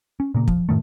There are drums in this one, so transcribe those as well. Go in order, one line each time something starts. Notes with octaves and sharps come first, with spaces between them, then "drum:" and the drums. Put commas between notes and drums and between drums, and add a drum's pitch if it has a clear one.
C#4
A#2 C#3 A#3
F3, drum: kick
F#2 A2 D#3 A3